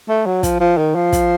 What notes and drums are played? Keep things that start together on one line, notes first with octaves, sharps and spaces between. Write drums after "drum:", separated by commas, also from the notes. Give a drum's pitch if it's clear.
A3
F#3
F3, drum: kick, hi-hat
F3
D#3
F3
drum: kick, hi-hat